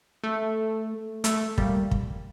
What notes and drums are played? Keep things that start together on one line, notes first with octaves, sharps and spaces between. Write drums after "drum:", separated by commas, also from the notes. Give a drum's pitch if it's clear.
A3
A3, drum: hi-hat
G3 A#3, drum: kick
drum: kick